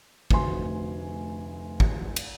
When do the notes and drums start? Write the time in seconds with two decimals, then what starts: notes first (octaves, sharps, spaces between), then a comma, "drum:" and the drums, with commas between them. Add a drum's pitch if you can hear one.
0.31 F1 D2 F#4 G#5 C6, drum: kick
1.80 drum: kick
2.16 drum: cymbal